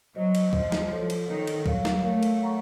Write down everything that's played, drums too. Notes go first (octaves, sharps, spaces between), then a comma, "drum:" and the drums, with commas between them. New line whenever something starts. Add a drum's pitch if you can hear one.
F#3 F#4 C5 D#5
drum: cymbal
F3 F#4 C5 D#5, drum: kick
drum: snare
F#4 A4 C#5
drum: cymbal
D#3 F#4 A4 C#5
drum: cymbal
F#3 F#4 A#4 C#5 F5, drum: kick
drum: snare
A3 F#4 A#4 C#5 F5
drum: cymbal
C#5 F#5 A#5 C#6